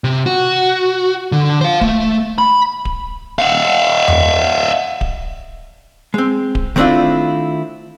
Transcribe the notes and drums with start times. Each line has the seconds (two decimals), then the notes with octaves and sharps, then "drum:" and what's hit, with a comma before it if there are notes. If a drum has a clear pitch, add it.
0.04 C3
0.26 F#4
1.32 D3
1.61 C5 F5
1.81 A3, drum: kick D1
2.38 B5
2.85 drum: kick D1
3.39 E5 F5
4.08 drum: tom E2
5.01 drum: kick D1
6.14 G#3 C4
6.55 drum: kick D1
6.76 D#3 A3 C4 D4 E4 F4